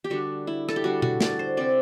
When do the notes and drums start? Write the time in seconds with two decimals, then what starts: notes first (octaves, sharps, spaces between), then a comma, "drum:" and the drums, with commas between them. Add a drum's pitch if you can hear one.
0.04 G4
0.10 D3 G3 D4 F#4
0.47 E4
0.69 A4, drum: rim click
0.76 G4
0.84 D3 G3 D4 F#4
1.02 F#4, drum: tom B2
1.21 D5, drum: snare
1.39 C5
1.57 C3 G3 C4 D5